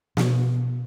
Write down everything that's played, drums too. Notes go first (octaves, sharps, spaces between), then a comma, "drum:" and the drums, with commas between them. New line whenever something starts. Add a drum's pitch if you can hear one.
B2, drum: snare